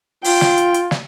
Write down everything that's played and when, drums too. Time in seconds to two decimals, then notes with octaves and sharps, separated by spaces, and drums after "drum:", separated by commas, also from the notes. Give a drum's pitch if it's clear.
0.24 F4 G5, drum: open hi-hat
0.41 drum: snare
0.58 drum: hi-hat
0.74 drum: hi-hat
0.91 drum: snare